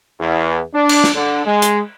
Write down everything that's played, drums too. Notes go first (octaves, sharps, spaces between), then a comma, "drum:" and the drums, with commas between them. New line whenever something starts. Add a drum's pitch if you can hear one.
E2
D4
drum: cymbal
drum: snare
D3
G#3
drum: hi-hat